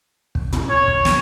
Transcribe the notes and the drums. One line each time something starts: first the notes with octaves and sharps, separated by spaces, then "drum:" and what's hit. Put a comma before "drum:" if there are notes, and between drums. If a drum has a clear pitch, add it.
drum: kick
drum: tom
C#5
drum: kick
drum: snare